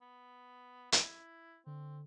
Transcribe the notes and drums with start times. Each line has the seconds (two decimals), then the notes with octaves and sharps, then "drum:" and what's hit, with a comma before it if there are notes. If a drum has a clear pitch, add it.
0.02 B3
0.92 E4, drum: hi-hat
1.66 D3 C4